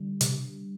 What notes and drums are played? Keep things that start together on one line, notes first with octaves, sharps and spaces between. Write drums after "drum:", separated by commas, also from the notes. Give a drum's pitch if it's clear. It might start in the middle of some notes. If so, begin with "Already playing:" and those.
Already playing: D3 G3
C3, drum: hi-hat